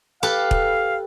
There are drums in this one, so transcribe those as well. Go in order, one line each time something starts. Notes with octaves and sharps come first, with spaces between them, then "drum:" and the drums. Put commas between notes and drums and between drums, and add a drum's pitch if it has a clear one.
G4 A4 B4 F5
drum: kick